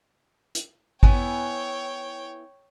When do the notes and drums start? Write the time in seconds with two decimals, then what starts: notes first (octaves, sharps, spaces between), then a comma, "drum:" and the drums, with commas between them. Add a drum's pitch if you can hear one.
0.55 drum: hi-hat
1.03 B3 E4 C#5 G5 G#5, drum: kick G#1